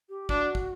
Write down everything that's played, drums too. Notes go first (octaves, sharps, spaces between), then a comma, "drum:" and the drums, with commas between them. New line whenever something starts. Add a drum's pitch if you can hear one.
G4
D4 F#4, drum: kick
drum: kick